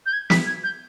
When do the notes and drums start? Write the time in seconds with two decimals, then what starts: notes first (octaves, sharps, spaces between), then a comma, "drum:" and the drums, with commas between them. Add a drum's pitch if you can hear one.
0.06 G6
0.13 G#6
0.30 B6, drum: snare
0.47 G#6
0.64 G6